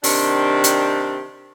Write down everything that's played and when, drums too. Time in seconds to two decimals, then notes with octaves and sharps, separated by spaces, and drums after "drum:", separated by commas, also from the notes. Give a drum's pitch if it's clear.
0.04 C3 D#3 C4 D4, drum: open hi-hat
0.64 drum: hi-hat